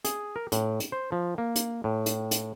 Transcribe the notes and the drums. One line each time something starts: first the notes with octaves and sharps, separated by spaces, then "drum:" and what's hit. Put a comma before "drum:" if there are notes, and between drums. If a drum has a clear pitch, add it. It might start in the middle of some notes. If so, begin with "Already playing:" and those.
G#4, drum: hi-hat
A#4
A2, drum: hi-hat
drum: hi-hat
C5
F3
A#3
drum: hi-hat
A2
drum: hi-hat
drum: hi-hat